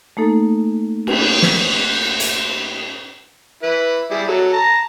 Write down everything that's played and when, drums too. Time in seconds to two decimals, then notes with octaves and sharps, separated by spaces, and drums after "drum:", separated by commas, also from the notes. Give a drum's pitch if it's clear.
0.17 A3 A#3 D#4 A4
1.07 drum: cymbal
1.42 drum: snare
2.20 drum: hi-hat
3.63 E4 B4
4.11 G3 E4 G#4
4.28 F#3 A4
4.53 A5 A#5